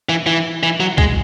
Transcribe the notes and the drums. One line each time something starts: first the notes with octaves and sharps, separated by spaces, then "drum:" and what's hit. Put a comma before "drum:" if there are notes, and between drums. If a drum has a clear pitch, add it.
E3
E3
E3
F#3
G#3, drum: kick B1